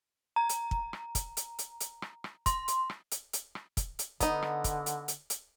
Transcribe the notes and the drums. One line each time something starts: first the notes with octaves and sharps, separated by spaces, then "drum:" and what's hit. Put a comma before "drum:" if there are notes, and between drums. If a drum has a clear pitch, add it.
A#5
drum: hi-hat
drum: kick
drum: rim click
drum: kick, hi-hat
drum: hi-hat
drum: hi-hat
drum: hi-hat
drum: rim click
drum: rim click
C6, drum: kick, hi-hat
drum: hi-hat
drum: rim click
drum: hi-hat
drum: hi-hat
drum: rim click
drum: kick, hi-hat
drum: hi-hat
D3 B3 D#4, drum: kick, hi-hat
drum: rim click
drum: kick, hi-hat
drum: hi-hat
drum: hi-hat
drum: hi-hat